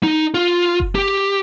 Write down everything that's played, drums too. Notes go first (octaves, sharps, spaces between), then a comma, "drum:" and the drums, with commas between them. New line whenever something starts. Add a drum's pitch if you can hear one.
D#4
F4
drum: kick F#1
G4